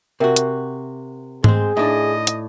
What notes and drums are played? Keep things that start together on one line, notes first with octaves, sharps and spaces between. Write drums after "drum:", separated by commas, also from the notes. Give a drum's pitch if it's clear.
C3 F#4 A#4 E5 F#5
drum: hi-hat
G#3 C4 G#4, drum: tom G#2
A2 D4 D#4 D#5 E5
drum: hi-hat